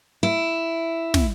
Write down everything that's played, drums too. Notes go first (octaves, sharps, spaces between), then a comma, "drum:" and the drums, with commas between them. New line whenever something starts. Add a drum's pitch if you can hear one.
E4
drum: snare